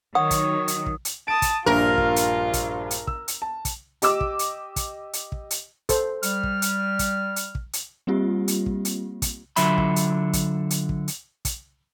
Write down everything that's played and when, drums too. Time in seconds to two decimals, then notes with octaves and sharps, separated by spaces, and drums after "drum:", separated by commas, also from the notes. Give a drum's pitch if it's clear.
0.15 D#3 F#3 C#5 F#5 D#6
0.31 drum: kick, hi-hat
0.68 drum: hi-hat
0.86 drum: kick
1.05 drum: hi-hat
1.28 A5 D#6 D7
1.42 drum: kick, hi-hat
1.66 A#1 G2 F4 A#4 E5
1.98 drum: kick
2.16 drum: hi-hat
2.53 drum: kick, hi-hat
2.91 drum: hi-hat
3.07 E6, drum: kick
3.28 drum: hi-hat
3.42 A5
3.65 drum: kick, hi-hat
4.02 G4 D#5 D6 E6, drum: hi-hat
4.21 drum: kick
4.39 drum: hi-hat
4.76 drum: kick, hi-hat
5.13 drum: hi-hat
5.32 drum: kick
5.51 drum: hi-hat
5.89 A4 C5, drum: kick, hi-hat
6.23 G3 F6, drum: hi-hat
6.43 drum: kick
6.62 drum: hi-hat
6.99 drum: kick, hi-hat
7.36 drum: hi-hat
7.55 drum: kick
7.73 drum: hi-hat
8.07 G3 A#3 C4 F4 G4
8.48 drum: hi-hat
8.66 drum: kick
8.85 drum: hi-hat
9.22 drum: kick, hi-hat
9.56 D3 F#3 F4 E5 B5, drum: hi-hat
9.78 drum: kick
9.96 drum: hi-hat
10.33 drum: kick, hi-hat
10.70 drum: hi-hat
10.89 drum: kick
11.08 drum: hi-hat
11.45 drum: kick, hi-hat